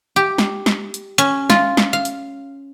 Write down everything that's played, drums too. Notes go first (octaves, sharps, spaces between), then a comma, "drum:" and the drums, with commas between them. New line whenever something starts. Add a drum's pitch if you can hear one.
G4
drum: snare
drum: snare
drum: hi-hat
C#4
F4, drum: snare
drum: snare
F5
drum: hi-hat